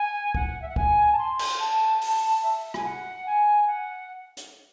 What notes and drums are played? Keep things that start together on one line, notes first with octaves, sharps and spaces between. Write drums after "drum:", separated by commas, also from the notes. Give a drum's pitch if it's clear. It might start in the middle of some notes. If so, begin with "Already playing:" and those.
Already playing: G#5
F#5, drum: kick
E5
F#5
G#5, drum: kick
A5
C6
drum: cymbal
A5
A5, drum: open hi-hat
E5
G#5, drum: rim click
F#5
G#5
F#5
drum: hi-hat